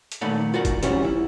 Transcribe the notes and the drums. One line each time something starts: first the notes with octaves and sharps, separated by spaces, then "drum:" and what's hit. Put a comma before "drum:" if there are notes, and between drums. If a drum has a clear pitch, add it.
drum: hi-hat
A#2 D#3 A3 D5 F#5 B5
F4 F#4 A#4 F#5
drum: kick, hi-hat
C3 E3 G3 C#4 F#4 C5, drum: hi-hat
E4